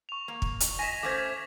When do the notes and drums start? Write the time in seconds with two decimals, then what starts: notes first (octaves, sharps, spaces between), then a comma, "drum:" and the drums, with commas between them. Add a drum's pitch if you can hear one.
0.09 C#6 F7
0.28 A#3
0.42 drum: kick
0.60 drum: hi-hat
0.79 D#5 G#5 A#6 B6 E7
1.03 A3 C#4 C5 D6 G#6